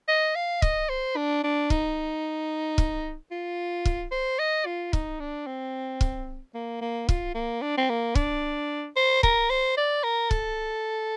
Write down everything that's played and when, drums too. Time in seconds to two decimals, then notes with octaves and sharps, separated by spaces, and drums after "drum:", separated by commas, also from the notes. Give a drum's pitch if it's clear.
0.09 D#5
0.36 F5
0.62 D#5, drum: kick
0.89 C5
1.16 D4
1.44 D4
1.70 D#4, drum: kick
2.78 drum: kick
3.32 F4
3.85 drum: kick
4.12 C5
4.39 D#5
4.66 F4
4.93 D#4, drum: kick
5.20 D4
5.47 C4
6.01 drum: kick
6.55 A#3
6.81 A#3
7.09 F4, drum: kick
7.35 A#3
7.62 D4
7.78 C4
7.90 A#3
8.15 D4, drum: kick
8.97 C5
9.23 A#4, drum: kick
9.50 C5
9.77 D5
10.04 A#4
10.31 A4, drum: kick